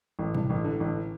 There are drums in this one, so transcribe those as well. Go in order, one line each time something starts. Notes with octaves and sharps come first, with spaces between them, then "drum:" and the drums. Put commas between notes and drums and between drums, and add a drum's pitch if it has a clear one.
A1
G2, drum: tom B2
A1
D3
A1